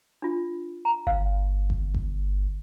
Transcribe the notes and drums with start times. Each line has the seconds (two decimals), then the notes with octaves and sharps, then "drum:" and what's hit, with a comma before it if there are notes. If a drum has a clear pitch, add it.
0.22 D4 F4
0.85 A#5
1.07 G1 F5
1.70 drum: kick G1
1.94 drum: kick G1